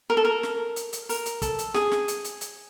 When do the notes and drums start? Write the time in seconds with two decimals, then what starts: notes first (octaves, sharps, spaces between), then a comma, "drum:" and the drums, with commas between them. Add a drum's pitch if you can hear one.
0.10 A#4
0.17 A4
0.25 A#4
0.43 drum: snare
0.76 drum: hi-hat
0.93 drum: hi-hat
1.09 A#4, drum: open hi-hat
1.26 drum: hi-hat
1.42 A4, drum: kick, hi-hat
1.59 drum: hi-hat
1.74 G#4, drum: snare
1.91 drum: snare
2.08 drum: hi-hat
2.24 drum: hi-hat
2.41 drum: hi-hat